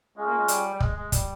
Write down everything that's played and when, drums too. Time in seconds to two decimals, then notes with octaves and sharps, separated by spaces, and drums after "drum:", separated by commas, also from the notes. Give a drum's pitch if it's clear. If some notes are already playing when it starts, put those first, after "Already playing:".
0.17 G#3 C#4 F4 G#4
0.27 A#3
0.38 G#3
0.48 G3, drum: hi-hat
0.74 G3
0.80 G#3, drum: kick
0.96 G#3
1.12 G3, drum: kick, hi-hat